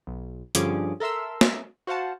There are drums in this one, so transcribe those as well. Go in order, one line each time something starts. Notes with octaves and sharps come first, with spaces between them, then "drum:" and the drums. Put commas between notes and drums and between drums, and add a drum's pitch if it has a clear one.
B1
G2 D3 F3 C#4 G#4 D6, drum: hi-hat
A4 A#4 E5 C6 E6
drum: snare
F#4 C5 F5 F#5 A5